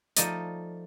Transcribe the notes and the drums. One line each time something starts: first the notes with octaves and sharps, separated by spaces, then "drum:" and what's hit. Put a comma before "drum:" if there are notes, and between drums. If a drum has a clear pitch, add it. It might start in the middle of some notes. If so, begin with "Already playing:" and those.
F3 A3 D#4 D5 D#5, drum: hi-hat